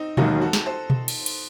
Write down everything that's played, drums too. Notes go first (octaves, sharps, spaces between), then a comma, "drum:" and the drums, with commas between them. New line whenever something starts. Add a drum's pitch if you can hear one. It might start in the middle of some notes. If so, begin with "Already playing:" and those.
Already playing: C4 D#4
E1 D#2 D#3 F#3 D#4 F#4, drum: tom B2
F#4 A4
drum: snare
A4 C5
drum: tom B2
drum: cymbal
drum: cymbal